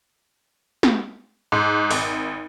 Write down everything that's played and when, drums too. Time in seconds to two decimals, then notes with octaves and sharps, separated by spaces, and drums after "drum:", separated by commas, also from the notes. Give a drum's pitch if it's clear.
0.83 drum: snare
1.52 G#2
1.91 G#1, drum: open hi-hat